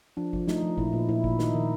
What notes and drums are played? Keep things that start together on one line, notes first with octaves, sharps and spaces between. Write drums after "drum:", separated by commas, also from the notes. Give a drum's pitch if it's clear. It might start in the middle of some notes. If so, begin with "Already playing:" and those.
F3 D4
F3, drum: kick G#1
A3 D#4, drum: snare
F3
A#2 E4, drum: kick G#1
A#2
A#2 E4
A#2, drum: kick G#1
D#3 D#4, drum: snare
D#3